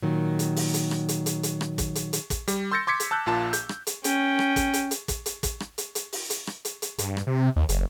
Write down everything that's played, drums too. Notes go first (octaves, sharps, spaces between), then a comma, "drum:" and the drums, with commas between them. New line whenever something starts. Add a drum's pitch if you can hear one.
A#2 D#3 F#3
drum: hi-hat
drum: open hi-hat
drum: hi-hat
drum: rim click
drum: hi-hat
drum: hi-hat
drum: hi-hat
drum: rim click
drum: kick, hi-hat
drum: hi-hat
drum: hi-hat
drum: kick, hi-hat
G3, drum: hi-hat
C6 E6 G6 A6 A#6 C#7
C6 D6 G#6 B6 C#7
drum: hi-hat
A5 E6 F#6 G6
A#1 A#2 F4 A5
G6, drum: hi-hat
drum: rim click
drum: hi-hat
C#4 G5, drum: hi-hat
drum: rim click
drum: kick, hi-hat
drum: hi-hat
drum: hi-hat
drum: kick, hi-hat
drum: hi-hat
drum: kick, hi-hat
drum: rim click
drum: hi-hat
drum: hi-hat
drum: open hi-hat
drum: hi-hat
drum: rim click
drum: hi-hat
drum: hi-hat
G2, drum: hi-hat
drum: rim click
C3
D#2
F#1, drum: hi-hat